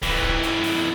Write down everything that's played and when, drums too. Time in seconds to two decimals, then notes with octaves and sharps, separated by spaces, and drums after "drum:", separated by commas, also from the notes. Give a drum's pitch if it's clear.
0.02 F2 E3, drum: kick, open hi-hat
0.23 drum: kick
0.43 drum: hi-hat
0.64 drum: open hi-hat